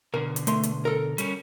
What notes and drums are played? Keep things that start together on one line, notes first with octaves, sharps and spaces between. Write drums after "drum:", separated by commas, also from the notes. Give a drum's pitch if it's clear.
B2 D3 A#4
drum: hi-hat
A3 C6, drum: hi-hat
drum: hi-hat
A4 A#4
G3 C#4, drum: hi-hat